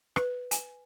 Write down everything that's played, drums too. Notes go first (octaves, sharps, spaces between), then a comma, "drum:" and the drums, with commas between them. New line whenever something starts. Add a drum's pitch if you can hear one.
B4, drum: rim click
G#5, drum: hi-hat